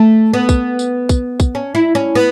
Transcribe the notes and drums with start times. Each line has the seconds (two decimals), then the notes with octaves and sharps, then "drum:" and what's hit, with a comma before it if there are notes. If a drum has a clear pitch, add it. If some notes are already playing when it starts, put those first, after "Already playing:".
Already playing: A3
0.33 B3
0.49 drum: kick, tambourine
0.79 drum: tambourine
1.09 drum: kick, tambourine
1.40 drum: kick, tambourine
1.55 C#4
1.75 E4
1.95 C#4
2.15 B3